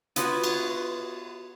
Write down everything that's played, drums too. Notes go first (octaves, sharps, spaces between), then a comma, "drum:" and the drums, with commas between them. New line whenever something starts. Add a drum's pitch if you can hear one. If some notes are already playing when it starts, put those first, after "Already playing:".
B3 F4 F#4 B4 C#5, drum: hi-hat
drum: cymbal